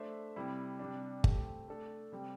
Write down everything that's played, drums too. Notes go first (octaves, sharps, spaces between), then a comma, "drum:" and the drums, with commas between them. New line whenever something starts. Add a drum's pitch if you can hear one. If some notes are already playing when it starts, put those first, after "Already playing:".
Already playing: A3 D4 C5 E5
C3 G3 E4
C3 G3 D4
A3 C4 G4, drum: kick G1
A3 D4 A4
C3 G3 C4